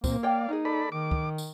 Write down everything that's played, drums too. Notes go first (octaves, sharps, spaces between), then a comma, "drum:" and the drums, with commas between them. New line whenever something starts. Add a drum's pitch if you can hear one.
A#2 A#3 C4, drum: kick, tambourine
C#5 D5 F5 G5
A#3 D#4 G#4
A4 D5 B5
D#3 D6
drum: kick
drum: tambourine